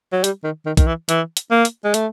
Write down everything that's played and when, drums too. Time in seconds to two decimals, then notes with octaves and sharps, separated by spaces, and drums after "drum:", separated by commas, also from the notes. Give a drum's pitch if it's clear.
0.13 F#3
0.24 G3, drum: hi-hat
0.44 D#3
0.66 D#3
0.77 D#3, drum: kick B1, hi-hat
0.87 E3
1.09 E3, drum: hi-hat
1.37 drum: hi-hat
1.51 A#3
1.65 drum: hi-hat
1.84 G#3
1.94 A3, drum: hi-hat